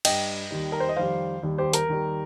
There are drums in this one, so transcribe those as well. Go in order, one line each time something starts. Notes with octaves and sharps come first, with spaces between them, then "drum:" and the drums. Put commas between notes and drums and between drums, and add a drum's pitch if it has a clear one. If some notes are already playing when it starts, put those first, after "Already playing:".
G2 G3 D#5 G5, drum: cymbal
D#2 D#3 G3
A#4
C5
D#5
F2 D#3 G3 C5 F5
D#2 D#3 G3
G4 C5
A#4, drum: hi-hat
D#2 D#3 G3